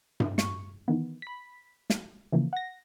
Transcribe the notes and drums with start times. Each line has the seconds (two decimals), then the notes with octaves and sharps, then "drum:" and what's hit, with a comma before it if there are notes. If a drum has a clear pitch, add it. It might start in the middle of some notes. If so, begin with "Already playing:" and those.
0.20 drum: tom G2
0.38 C#6, drum: snare
0.88 D#3 E3 B3
1.22 B5 B6
1.90 drum: snare
2.32 C#3 E3 F3 A#3
2.53 F#5 A#6